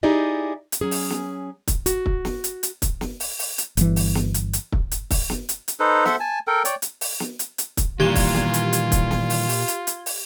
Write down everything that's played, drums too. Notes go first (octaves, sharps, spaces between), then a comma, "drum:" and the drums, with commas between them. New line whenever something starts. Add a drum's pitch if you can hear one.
D#4 E4 G4 G#4 D5 D#5
drum: hi-hat
F#3 C#4 G#4
drum: open hi-hat
drum: snare
drum: kick, hi-hat
F#4, drum: hi-hat
drum: kick
drum: snare
drum: hi-hat
drum: hi-hat
drum: kick, hi-hat
drum: snare
drum: open hi-hat
drum: open hi-hat
drum: hi-hat
G1 E3, drum: hi-hat
drum: open hi-hat
drum: snare
drum: hi-hat
drum: hi-hat
drum: kick
drum: hi-hat
drum: kick, open hi-hat
drum: snare
drum: hi-hat
drum: hi-hat
D#4 A4 B4 C5
A4 C5 E5 F#5, drum: snare
G#5 A5
A4 A#4 G5
C#5 D5 G5, drum: hi-hat
drum: hi-hat
drum: open hi-hat
drum: snare
drum: hi-hat
drum: hi-hat
drum: kick, hi-hat
A#2 D#3 E3 G3 F4 G4 G#6 G7
drum: kick, open hi-hat
drum: snare
drum: hi-hat
drum: hi-hat
drum: kick, hi-hat
drum: snare
drum: open hi-hat
drum: open hi-hat
drum: hi-hat
drum: hi-hat
drum: open hi-hat